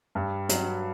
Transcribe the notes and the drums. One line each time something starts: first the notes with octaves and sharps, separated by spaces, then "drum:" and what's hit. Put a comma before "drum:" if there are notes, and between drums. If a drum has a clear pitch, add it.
G2
F#3, drum: hi-hat